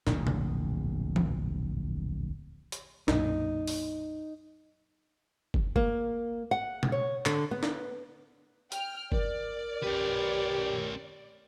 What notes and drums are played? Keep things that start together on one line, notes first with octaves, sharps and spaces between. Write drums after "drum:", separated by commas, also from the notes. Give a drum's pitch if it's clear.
D1 A#1 E2 B2, drum: snare
drum: tom B2
drum: tom E3
drum: hi-hat
B1 F#2 A#2 D#4, drum: snare
drum: open hi-hat
drum: kick
A#3, drum: kick
F#5
drum: tom B2
C#5
D3, drum: clap
B3
drum: snare
G5 F6, drum: hi-hat
A#4 D5, drum: kick
C#4 G4 B4